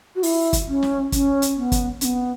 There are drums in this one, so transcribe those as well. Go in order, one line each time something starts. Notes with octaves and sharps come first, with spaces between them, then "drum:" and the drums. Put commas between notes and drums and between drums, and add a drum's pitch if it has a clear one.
F#4
E4, drum: open hi-hat
drum: kick, hi-hat
C#4
drum: snare
C#4, drum: kick, hi-hat
drum: hi-hat
B3
drum: kick, hi-hat
C#4, drum: hi-hat
B3